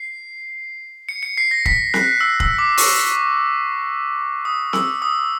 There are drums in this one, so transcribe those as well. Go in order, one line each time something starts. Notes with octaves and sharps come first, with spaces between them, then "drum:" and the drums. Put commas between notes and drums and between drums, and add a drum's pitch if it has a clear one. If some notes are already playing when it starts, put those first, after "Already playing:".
Already playing: C7
C#7
C#7
C7
A#6
B6, drum: kick
F#6, drum: snare C4
E6
E6, drum: kick
D6
C#6, drum: open hi-hat
D#6
E6, drum: snare C4
D#6